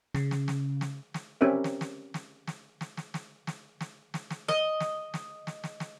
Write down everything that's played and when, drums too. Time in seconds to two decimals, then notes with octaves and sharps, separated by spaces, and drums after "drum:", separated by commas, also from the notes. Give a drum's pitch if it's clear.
0.14 C#3, drum: snare
0.31 drum: snare
0.48 drum: snare
0.81 drum: snare
1.14 drum: snare
1.41 C4 C#4 G4 A#4 E5
1.64 drum: snare
1.81 drum: snare
2.14 drum: snare
2.47 drum: snare
2.81 drum: snare
2.97 drum: snare
3.14 drum: snare
3.47 drum: snare
3.81 drum: snare
4.14 drum: snare
4.30 drum: snare
4.48 D#5, drum: snare
4.80 drum: snare
5.14 drum: snare
5.47 drum: snare
5.64 drum: snare
5.80 drum: snare